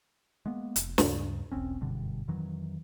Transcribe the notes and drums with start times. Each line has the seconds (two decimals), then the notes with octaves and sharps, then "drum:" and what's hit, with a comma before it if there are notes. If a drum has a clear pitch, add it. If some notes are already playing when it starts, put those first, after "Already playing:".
0.46 G#3 A#3 B3
0.76 F1, drum: hi-hat
0.98 D2 G2 C#3, drum: snare
1.52 E1 B1 C4 C#4
1.81 F#1 G2 B2 D3
2.28 F2 D#3 E3 F#3